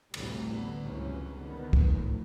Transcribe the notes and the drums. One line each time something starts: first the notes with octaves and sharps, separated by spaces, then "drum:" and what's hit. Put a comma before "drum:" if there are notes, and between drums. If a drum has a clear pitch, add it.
A1 D2 A2 C3 E3 G3, drum: cymbal
D3 B3
G1 C#2 F#2 C3 E3 C#4
D3 D#3 B3
drum: kick
F2 A2